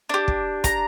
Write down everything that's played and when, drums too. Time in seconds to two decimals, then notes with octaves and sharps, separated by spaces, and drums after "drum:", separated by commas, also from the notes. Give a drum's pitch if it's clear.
0.09 D4 G4
0.28 drum: kick
0.64 A#5, drum: kick, hi-hat